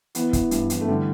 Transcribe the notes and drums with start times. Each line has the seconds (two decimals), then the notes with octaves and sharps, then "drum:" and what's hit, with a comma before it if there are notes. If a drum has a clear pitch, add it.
0.15 E3 B3, drum: hi-hat
0.33 E3, drum: kick, hi-hat
0.51 G2, drum: hi-hat
0.70 E3, drum: hi-hat
0.81 A3
0.88 D3 G3